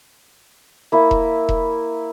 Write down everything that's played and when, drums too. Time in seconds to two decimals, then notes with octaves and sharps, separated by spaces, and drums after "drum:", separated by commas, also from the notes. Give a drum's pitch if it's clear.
0.92 A#3 E4
1.11 drum: kick E1
1.49 drum: kick E1